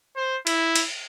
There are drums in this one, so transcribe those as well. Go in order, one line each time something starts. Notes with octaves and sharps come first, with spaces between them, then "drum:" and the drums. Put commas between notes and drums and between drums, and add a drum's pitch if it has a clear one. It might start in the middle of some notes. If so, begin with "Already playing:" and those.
C5
E4, drum: cymbal
drum: cymbal